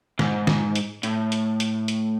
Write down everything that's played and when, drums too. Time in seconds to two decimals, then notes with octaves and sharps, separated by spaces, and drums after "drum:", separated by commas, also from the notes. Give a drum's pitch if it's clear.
0.19 G#2, drum: snare
0.47 drum: snare
0.75 drum: hi-hat
1.03 A2, drum: hi-hat
1.32 drum: hi-hat
1.60 drum: hi-hat
1.88 drum: hi-hat